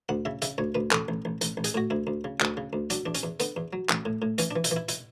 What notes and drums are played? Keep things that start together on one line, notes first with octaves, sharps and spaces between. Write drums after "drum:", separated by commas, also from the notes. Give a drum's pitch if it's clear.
D2 F#5
C#3 E5
C#3 E5, drum: hi-hat
D2 C#5
D2 B4
A1 A4, drum: clap
A1
A1
A1, drum: hi-hat
A1
G#4, drum: hi-hat
A2 F#4
D2 E4
D2
C#3
D2, drum: clap
C#3
D2
F#3 D4, drum: hi-hat
E2 D4
C#4, drum: hi-hat
E2
D3 B3, drum: hi-hat
E2
F#3
A1, drum: clap
A2
A2
E3 C#4, drum: hi-hat
D4
E3
E4, drum: hi-hat
E3
E4
E4, drum: hi-hat